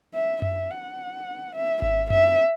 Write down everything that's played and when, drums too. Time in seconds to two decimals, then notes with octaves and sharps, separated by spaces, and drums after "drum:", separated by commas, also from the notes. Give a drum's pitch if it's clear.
0.14 E5
0.42 E5, drum: tom F#2
0.70 F#5
1.55 E5
1.82 E5, drum: kick G#1
2.10 E5, drum: tom F#2